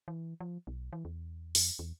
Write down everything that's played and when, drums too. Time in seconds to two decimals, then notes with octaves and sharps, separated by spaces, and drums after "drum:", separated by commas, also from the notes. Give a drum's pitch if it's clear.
0.08 E3
0.40 F3
0.67 B1
0.93 E3
1.05 E2
1.55 F2, drum: open hi-hat
1.79 E2